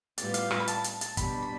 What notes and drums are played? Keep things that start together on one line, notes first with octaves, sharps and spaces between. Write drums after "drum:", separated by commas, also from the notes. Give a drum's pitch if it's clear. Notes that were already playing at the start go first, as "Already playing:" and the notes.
A2 G3 B3 F4 D5, drum: hi-hat
F5, drum: hi-hat
F5, drum: rim click
B5
A5, drum: hi-hat
drum: hi-hat
A5, drum: hi-hat
B2 G3 D4 B5, drum: kick, hi-hat
B5